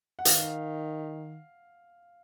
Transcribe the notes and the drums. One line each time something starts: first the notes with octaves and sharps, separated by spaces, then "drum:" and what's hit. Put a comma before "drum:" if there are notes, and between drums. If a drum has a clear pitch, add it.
F#5
D#3 F5, drum: hi-hat